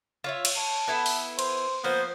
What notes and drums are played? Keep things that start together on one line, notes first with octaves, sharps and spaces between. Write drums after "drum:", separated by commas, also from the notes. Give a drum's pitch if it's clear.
F4 C#5 E5
drum: cymbal
C#5 A5
B3 E4 A4
drum: open hi-hat
C5, drum: cymbal
F3 A#3 B3 C5